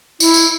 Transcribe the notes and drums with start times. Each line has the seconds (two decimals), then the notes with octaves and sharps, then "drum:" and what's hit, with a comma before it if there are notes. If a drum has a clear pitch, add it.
0.20 E4, drum: tambourine
0.34 drum: tambourine